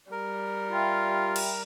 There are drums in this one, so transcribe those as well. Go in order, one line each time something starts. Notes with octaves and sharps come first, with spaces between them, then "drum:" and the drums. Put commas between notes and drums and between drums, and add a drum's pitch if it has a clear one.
G3 A#4
F4 E5 G5 B5
drum: cymbal